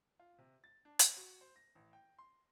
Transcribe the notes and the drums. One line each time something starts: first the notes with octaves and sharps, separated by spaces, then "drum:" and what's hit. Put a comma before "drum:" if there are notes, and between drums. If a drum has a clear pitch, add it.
F4
C3
A6
D4
C#5, drum: hi-hat
F#4
C5
A#6
A1
G5
C6